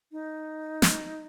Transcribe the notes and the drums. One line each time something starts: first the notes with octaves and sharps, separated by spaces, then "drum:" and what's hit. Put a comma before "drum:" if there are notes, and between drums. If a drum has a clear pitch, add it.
D#4
drum: snare